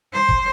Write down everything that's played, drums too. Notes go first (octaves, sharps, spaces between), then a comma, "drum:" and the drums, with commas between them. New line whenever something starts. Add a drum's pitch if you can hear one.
C5
drum: kick